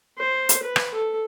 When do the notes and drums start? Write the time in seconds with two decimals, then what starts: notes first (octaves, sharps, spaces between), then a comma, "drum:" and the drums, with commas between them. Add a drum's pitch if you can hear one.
0.18 C5
0.49 drum: hi-hat
0.62 B4
0.76 drum: rim click
0.94 A4